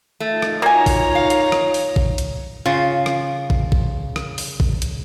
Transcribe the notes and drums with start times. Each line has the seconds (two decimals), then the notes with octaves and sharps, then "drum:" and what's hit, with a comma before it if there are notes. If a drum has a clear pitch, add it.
0.20 A3 D#4 F4
0.42 drum: rim click
0.62 A#3 F#4 C#5 G#5 A#5
0.86 drum: kick, open hi-hat
1.15 F5
1.30 drum: hi-hat
1.52 drum: rim click
1.74 drum: open hi-hat
1.96 drum: kick
2.18 drum: hi-hat
2.66 C#3 F4
3.06 drum: rim click
3.50 drum: kick
3.72 drum: kick
4.16 drum: rim click
4.38 drum: open hi-hat
4.60 drum: kick
4.82 drum: hi-hat